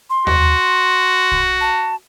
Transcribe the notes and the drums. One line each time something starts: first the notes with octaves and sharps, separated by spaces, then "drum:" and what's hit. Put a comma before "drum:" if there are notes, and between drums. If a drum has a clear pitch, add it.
C6
F#4, drum: tom D#2
drum: kick
A5